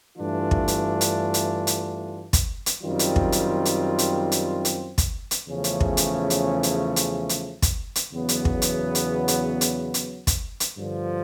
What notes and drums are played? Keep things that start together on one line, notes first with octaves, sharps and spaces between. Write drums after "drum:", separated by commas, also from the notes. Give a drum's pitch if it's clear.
G2 E3 A3 D4 F4
drum: kick
drum: hi-hat
drum: hi-hat
drum: hi-hat
drum: hi-hat
drum: kick, hi-hat
drum: hi-hat
F#2 D#3 G3 C4 F4
drum: hi-hat
drum: kick
drum: hi-hat
drum: hi-hat
drum: hi-hat
drum: hi-hat
drum: hi-hat
drum: kick, hi-hat
drum: hi-hat
E2 C#3 F3 A3 C#4
drum: hi-hat
drum: kick
drum: hi-hat
drum: hi-hat
drum: hi-hat
drum: hi-hat
drum: hi-hat
drum: kick, hi-hat
drum: hi-hat
E2 C#3 F#3 B3
drum: hi-hat
drum: kick
drum: hi-hat
drum: hi-hat
drum: hi-hat
drum: hi-hat
drum: hi-hat
drum: kick, hi-hat
drum: hi-hat
G2 D3 F3